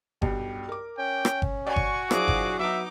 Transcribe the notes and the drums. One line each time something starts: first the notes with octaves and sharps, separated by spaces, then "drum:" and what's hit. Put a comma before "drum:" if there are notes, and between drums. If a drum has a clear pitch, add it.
B1 G2 G4, drum: kick G1
A#4 D6
C#4 G5
drum: rim click
drum: kick G1
F#4 D5 G#5 C#6
drum: kick G1
F3 F#3 D4 E4 G#4 D6, drum: rim click
drum: kick G1
F#3 B3 D#4 E5 D6